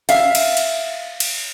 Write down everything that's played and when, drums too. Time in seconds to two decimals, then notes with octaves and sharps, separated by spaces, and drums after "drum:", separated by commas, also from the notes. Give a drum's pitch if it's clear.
0.09 E5 F5, drum: hi-hat
0.35 drum: cymbal
0.57 drum: hi-hat
1.20 drum: cymbal